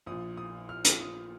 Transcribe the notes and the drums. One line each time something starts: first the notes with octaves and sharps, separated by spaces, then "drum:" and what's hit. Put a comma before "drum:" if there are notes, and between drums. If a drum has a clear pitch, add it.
A#1 A#2 D#6
D#6
F6
drum: hi-hat
D#6